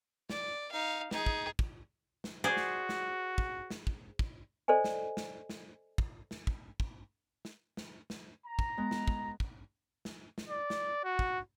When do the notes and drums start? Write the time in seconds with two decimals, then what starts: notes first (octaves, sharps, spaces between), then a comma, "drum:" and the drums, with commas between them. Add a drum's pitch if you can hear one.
0.30 D5, drum: snare
0.71 D#4 F5
1.11 D#4 G#4, drum: snare
1.26 drum: kick
1.59 drum: kick
2.24 drum: snare
2.44 F#4 G#4 C5 D5
2.57 drum: snare
2.89 drum: snare
3.38 drum: kick
3.71 drum: snare
3.87 drum: kick
4.19 drum: kick
4.68 A4 C5 D5 D#5 G#5
4.84 drum: snare
5.17 drum: snare
5.50 drum: snare
5.98 drum: kick
6.31 drum: snare
6.47 drum: kick
6.80 drum: kick
7.45 drum: snare
7.77 drum: snare
8.10 drum: snare
8.46 A#5
8.59 drum: kick
8.78 G#3 B3
8.91 drum: snare
9.08 drum: kick
9.40 drum: kick
10.05 drum: snare
10.38 drum: snare
10.49 D5
10.70 drum: snare
11.04 F#4
11.19 drum: kick